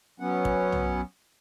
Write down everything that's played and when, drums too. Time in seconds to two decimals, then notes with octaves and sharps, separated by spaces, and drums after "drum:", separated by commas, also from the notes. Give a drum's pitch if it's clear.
0.20 F#3 B3 C#4 F#5
0.45 drum: kick
0.72 drum: tom B1